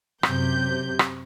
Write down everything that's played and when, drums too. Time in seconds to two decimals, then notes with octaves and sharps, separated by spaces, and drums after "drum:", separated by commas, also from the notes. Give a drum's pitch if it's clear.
0.23 F#2 C3 G6, drum: rim click
0.99 drum: rim click